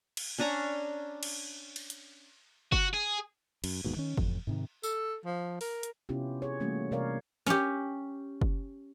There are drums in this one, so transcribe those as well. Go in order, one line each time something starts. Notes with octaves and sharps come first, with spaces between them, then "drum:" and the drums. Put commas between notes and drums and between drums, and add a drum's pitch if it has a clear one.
drum: cymbal
C#4 D4 G#5 A#5
drum: cymbal
drum: cymbal
drum: hi-hat
F#4, drum: kick F#1
G#4
F#2, drum: cymbal
E1 D#2 G#2 B2
D#3 C#4
A1 F2, drum: kick F#1
G#2 C3 D#3
A4, drum: tambourine
F3
A#4, drum: open hi-hat
drum: hi-hat
C3 B3 C#4 E4 F4 G4
G#4 C#5
E3 G3 A3 A#3 C#4 F#4
C3 G3 A#4 C#5 D5 F5
C#4 G4, drum: snare
drum: kick F#1